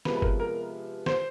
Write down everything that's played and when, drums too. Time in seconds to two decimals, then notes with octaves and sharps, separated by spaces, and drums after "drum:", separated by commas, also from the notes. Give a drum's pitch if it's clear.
0.05 C3 F3 G#3 B3 B4, drum: snare
0.17 B4
0.22 A#4, drum: kick G1
0.40 A#4
1.06 C5, drum: snare